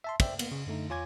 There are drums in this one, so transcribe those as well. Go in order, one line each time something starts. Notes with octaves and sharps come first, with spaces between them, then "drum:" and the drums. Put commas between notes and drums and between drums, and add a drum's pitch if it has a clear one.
E5 A5 C6
C5 D5 E5 G5, drum: kick, cymbal
A#3 B3, drum: cymbal
C#3
F#2 D3 A3 D#4
E2 F4 C#5 G#5 D6 G#6